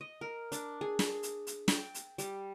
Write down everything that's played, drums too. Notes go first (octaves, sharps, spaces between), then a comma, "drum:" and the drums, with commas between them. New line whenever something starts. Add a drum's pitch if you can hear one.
D#5
A#4
D4, drum: hi-hat
G#4
drum: snare
drum: hi-hat
drum: hi-hat
G5, drum: snare
drum: hi-hat
G3, drum: hi-hat